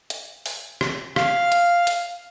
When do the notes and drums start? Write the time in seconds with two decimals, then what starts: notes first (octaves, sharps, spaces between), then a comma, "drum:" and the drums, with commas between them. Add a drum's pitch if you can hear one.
0.10 drum: hi-hat
0.46 drum: open hi-hat
0.81 drum: rim click
1.16 F5, drum: rim click
1.52 drum: hi-hat
1.87 drum: hi-hat